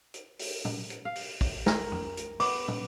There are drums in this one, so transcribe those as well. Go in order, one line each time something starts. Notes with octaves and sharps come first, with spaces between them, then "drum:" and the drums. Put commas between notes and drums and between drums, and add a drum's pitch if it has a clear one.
drum: hi-hat
drum: open hi-hat
drum: tom
drum: hi-hat
F5
drum: open hi-hat
drum: kick, open hi-hat
A#4, drum: snare
drum: tom F2
drum: hi-hat
B3 D6, drum: open hi-hat
drum: tom